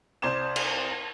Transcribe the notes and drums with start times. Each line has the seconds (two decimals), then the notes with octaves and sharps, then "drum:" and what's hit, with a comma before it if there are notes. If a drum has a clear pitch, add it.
0.22 C2 C5 D5 G#6 E7
0.56 drum: cymbal